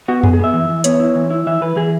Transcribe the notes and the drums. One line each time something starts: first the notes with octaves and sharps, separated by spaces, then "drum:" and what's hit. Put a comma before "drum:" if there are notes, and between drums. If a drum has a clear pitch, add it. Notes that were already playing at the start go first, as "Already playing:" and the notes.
B3 F#4
B2 G#4, drum: tom F2
G#4
B3 E5
E3
E3
B3 C#5, drum: hi-hat
E4
E3
E4
E3 E5
E3 B4
E3 G#4